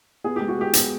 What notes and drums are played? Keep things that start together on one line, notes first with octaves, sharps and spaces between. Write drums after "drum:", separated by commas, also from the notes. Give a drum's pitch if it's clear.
B3 G#4
G#3 G4
F#4
G#3 G4
B3, drum: hi-hat